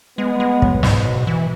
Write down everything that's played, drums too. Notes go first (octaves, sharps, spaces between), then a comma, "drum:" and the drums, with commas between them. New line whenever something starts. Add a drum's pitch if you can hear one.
G#3 B3
G#3
F#3, drum: kick
G#2, drum: snare
B2
E3